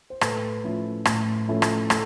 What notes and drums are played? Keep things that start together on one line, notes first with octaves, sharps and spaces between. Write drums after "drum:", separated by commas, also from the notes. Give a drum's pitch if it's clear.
C5
A2 A4 B4, drum: rim click
F3 A3 C#4 E4
A2, drum: rim click
F3 A3 C#4 E4
drum: rim click
A4, drum: rim click